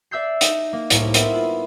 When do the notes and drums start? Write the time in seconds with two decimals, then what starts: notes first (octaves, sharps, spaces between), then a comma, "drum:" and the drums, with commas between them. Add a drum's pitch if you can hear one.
0.11 D5 E5 E6 G6 C7
0.41 D#4, drum: hi-hat
0.73 A#3
0.90 C2 A2 A#3 A#5, drum: hi-hat
1.14 B3 C4 A#4 E5, drum: hi-hat
1.34 F4 B5